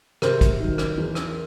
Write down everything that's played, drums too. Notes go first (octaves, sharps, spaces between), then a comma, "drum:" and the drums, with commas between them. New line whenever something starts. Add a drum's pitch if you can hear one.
C3 A#4 C5, drum: rim click
drum: kick, hi-hat
D#3 F#3
drum: rim click
E2
drum: rim click